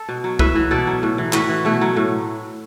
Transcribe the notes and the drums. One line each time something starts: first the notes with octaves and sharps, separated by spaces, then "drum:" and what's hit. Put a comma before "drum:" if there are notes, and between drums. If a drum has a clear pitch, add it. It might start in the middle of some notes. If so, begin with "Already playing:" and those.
Already playing: A4
B2
F#3
A2 B4 E5, drum: kick C2
E3
B2 A4 D5
F#3
A2
E3
A2 F#4 B4, drum: clap
E3
B2 A3
F#3
A2